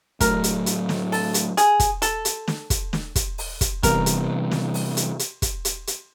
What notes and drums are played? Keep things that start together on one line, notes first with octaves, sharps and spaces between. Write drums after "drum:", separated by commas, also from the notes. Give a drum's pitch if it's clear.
A2 F#3 A3 A#4, drum: kick, hi-hat
drum: hi-hat
drum: hi-hat
drum: snare
A4, drum: open hi-hat
drum: hi-hat
G#4, drum: hi-hat
drum: kick, hi-hat
A4, drum: hi-hat
drum: hi-hat
drum: snare
drum: kick, hi-hat
drum: snare
drum: kick, hi-hat
drum: open hi-hat
drum: kick, hi-hat
C3 E3 G3 B3 A#4, drum: kick, hi-hat
drum: hi-hat
drum: snare
drum: open hi-hat
drum: hi-hat
drum: hi-hat
drum: kick, hi-hat
drum: hi-hat
drum: hi-hat